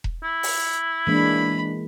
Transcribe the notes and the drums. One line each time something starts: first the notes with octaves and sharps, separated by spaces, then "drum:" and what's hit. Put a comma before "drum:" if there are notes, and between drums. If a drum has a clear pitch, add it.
drum: kick E1
E4
drum: open hi-hat
E3 G#3 A#3 D4 B5